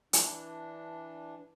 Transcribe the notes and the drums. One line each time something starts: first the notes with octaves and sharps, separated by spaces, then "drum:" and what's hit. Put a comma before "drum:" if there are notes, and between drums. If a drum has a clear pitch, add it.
E3 D4, drum: hi-hat